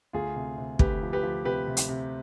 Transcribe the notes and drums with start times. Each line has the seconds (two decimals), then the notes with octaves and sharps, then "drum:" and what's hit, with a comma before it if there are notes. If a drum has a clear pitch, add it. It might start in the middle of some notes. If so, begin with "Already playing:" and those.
0.13 D2 F4 G#4
0.36 C3
0.58 C3
0.79 D2 G4 B4, drum: kick
1.02 F3
1.13 G4 B4
1.23 F3
1.45 C3 G4 B4
1.67 C3
1.77 drum: hi-hat
1.89 C3